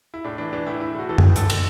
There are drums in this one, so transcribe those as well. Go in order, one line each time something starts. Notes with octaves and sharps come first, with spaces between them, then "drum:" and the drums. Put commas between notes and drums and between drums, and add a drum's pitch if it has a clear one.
E4
A2 D4
E3 D4
E3 D4
A2 E4
A2 E4
A2 F#4
E3 A4
A2 G#4, drum: tom F#2
D3 A4, drum: hi-hat
D3, drum: cymbal